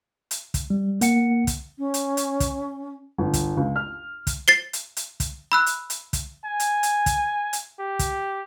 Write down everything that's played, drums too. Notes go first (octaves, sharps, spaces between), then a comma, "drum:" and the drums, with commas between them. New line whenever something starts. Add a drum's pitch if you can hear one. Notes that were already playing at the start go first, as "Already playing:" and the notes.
drum: hi-hat
drum: kick, hi-hat
G3
A#3 F#5 C#7, drum: hi-hat
drum: kick, hi-hat
C#4
drum: hi-hat
drum: hi-hat
drum: kick, hi-hat
G1
drum: kick, hi-hat
C#2
F6
drum: kick, hi-hat
A6 C7 G7
drum: hi-hat
drum: hi-hat
drum: kick, hi-hat
B5 E6 F#6
drum: hi-hat
drum: hi-hat
drum: kick, hi-hat
G#5
drum: hi-hat
drum: hi-hat
drum: kick, hi-hat
drum: hi-hat
G4
drum: kick, hi-hat